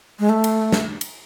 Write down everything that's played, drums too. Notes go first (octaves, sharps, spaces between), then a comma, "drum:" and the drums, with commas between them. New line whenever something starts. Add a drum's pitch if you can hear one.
G#3
A3
drum: cymbal
drum: snare
drum: cymbal